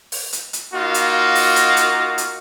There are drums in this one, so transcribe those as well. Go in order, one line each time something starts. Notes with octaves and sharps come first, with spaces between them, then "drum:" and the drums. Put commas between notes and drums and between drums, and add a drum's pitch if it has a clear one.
drum: open hi-hat
drum: hi-hat
drum: hi-hat
A#3 D#4 F4 F#4
drum: hi-hat
drum: open hi-hat
drum: hi-hat
drum: hi-hat
drum: hi-hat